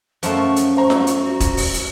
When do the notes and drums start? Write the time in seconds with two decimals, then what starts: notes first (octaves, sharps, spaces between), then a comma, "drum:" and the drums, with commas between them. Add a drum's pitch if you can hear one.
0.23 F#2 F3 A3 C#6, drum: hi-hat
0.56 drum: hi-hat
0.77 C5 A#5
0.90 drum: snare F4
1.07 drum: hi-hat
1.22 F#4
1.40 drum: kick E1, hi-hat
1.57 drum: open hi-hat
1.74 drum: hi-hat